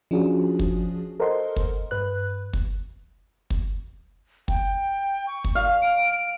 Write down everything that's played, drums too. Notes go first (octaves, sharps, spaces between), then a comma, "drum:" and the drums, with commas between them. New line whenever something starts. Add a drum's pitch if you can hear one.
F3 C#4 D4 F4 F#4 G#4
drum: kick
A4 A#4 C5 D#5 F#5 C6
drum: kick
G2 B4 F#6
drum: kick
drum: kick
G5, drum: kick
C#6
drum: kick
F5
D7